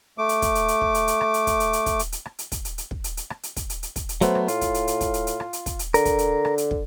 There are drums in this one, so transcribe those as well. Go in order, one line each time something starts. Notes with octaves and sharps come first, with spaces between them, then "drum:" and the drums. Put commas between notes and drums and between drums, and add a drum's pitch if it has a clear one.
A3 D6
drum: hi-hat
drum: kick, hi-hat
drum: hi-hat
drum: hi-hat
drum: kick
drum: hi-hat
drum: hi-hat
drum: rim click
drum: hi-hat
drum: kick, hi-hat
drum: hi-hat
drum: hi-hat
drum: kick, hi-hat
drum: hi-hat
drum: hi-hat
drum: rim click
drum: hi-hat
drum: kick, hi-hat
drum: hi-hat
drum: hi-hat
drum: kick
drum: hi-hat
drum: hi-hat
drum: rim click
drum: hi-hat
drum: kick, hi-hat
drum: hi-hat
drum: hi-hat
drum: kick, hi-hat
drum: hi-hat
F#3 A3 B3 C5, drum: hi-hat
drum: rim click
A2 F4, drum: hi-hat
drum: kick, hi-hat
drum: hi-hat
drum: hi-hat
drum: kick, hi-hat
drum: hi-hat
drum: hi-hat
drum: rim click
drum: hi-hat
drum: kick, hi-hat
drum: hi-hat
D3 A#4, drum: hi-hat
drum: kick, hi-hat
drum: hi-hat
drum: rim click
drum: hi-hat
drum: kick